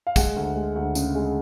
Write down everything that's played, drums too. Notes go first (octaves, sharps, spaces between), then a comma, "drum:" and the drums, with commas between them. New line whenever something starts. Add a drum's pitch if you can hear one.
F5
G#3 F#5, drum: kick, tambourine
D2
G#3
D2
C#3, drum: tambourine
G#3